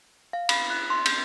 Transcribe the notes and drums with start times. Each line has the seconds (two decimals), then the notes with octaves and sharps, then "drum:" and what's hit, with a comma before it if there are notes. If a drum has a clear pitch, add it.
0.33 F5
0.49 B5, drum: cymbal
0.70 F#6
0.90 C6
1.06 G6, drum: cymbal